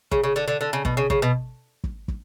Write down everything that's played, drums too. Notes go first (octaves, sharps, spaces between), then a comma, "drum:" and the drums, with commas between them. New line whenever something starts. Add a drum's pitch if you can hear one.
C#3, drum: kick
C#3
D3
D3
D3
C#3
B2, drum: kick
C#3
C#3, drum: kick
B2
drum: kick
drum: kick